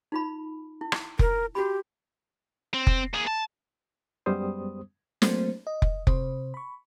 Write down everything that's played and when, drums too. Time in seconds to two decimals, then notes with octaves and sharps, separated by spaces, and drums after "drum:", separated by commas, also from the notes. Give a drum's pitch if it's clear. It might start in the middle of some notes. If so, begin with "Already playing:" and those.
0.12 D#4 F4 B5
0.81 E4
0.92 drum: rim click
1.19 A#4, drum: kick F1
1.55 F#4 G4 B5
2.74 C4
2.87 drum: kick F1
3.14 A#3 G#4
3.27 A5
4.26 F#2 G3 G#3 B3 C5 D#6
5.22 F#3 A3 A#3 C4 C5, drum: snare
5.67 D#5
5.82 drum: kick F1
6.07 C3 C5, drum: kick F1
6.54 B5 C#6